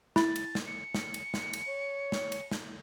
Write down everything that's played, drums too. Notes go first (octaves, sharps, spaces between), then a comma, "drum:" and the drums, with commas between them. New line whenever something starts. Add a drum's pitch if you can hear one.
E4 A6, drum: snare
drum: cymbal
drum: snare
C#7
drum: snare
drum: cymbal
drum: snare
drum: cymbal
C#5
drum: snare
drum: cymbal
drum: snare